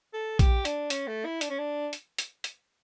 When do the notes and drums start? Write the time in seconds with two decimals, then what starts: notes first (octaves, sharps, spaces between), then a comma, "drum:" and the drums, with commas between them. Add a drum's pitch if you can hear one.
0.13 A4
0.39 G4, drum: kick A#1, hi-hat
0.65 D4, drum: hi-hat
0.90 C#4, drum: hi-hat
1.07 A3
1.25 E4
1.41 D4, drum: hi-hat
1.50 C#4
1.58 D4
1.93 drum: hi-hat
2.18 drum: hi-hat
2.44 drum: hi-hat